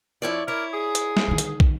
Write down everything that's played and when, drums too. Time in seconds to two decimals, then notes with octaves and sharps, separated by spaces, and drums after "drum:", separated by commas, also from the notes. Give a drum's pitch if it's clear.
0.22 F2 F3 E4 C#5 D5
0.48 E4 A#4 C#5 D5
0.73 G#4
0.95 drum: hi-hat
1.17 drum: snare
1.28 D3 D#3
1.38 drum: hi-hat
1.60 drum: kick